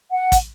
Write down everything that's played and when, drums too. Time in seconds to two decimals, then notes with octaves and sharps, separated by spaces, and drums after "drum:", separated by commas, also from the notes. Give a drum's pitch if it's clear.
0.11 F#5
0.32 drum: kick, hi-hat